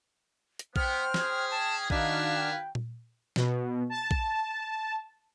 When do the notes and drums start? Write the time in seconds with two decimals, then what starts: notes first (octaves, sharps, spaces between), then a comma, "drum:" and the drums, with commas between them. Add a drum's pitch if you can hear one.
0.59 drum: hi-hat
0.76 B3 C5 G5 F6, drum: kick A#1
1.14 C#4 G#4, drum: snare
1.51 A5
1.90 D#3 D4 D#4 F#4 A#4 B4 F5 G#5, drum: kick A#1
2.35 G5
2.75 drum: tom A#2
3.36 B2, drum: snare
3.90 A5
4.11 drum: kick A#1